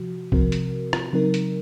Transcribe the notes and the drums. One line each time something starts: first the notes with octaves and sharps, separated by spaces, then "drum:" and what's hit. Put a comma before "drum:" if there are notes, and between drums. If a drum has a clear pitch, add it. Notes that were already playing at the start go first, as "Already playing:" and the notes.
Already playing: C3 F3 F#4
C3 F3 C4 F#4 A#4, drum: kick B1
drum: hi-hat
drum: rim click
C#3 F#3 C4 D#4 A#4
drum: hi-hat